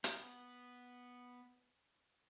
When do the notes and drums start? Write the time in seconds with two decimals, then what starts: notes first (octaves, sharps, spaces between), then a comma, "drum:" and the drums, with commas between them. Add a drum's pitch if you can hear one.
0.04 B3 B5, drum: hi-hat